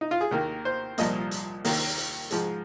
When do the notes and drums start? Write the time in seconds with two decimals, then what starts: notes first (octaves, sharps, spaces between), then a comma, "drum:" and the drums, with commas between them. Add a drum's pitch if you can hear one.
0.01 D#4
0.11 F4
0.21 G#4
0.31 D#2 D#3 A#3 A#4
0.65 C5
0.98 C2 A#2 F3 A#3 D#5, drum: hi-hat
1.31 drum: hi-hat
1.65 D#2 D#3 A#3, drum: open hi-hat
1.98 drum: hi-hat
2.31 G#2 F3 G#3, drum: hi-hat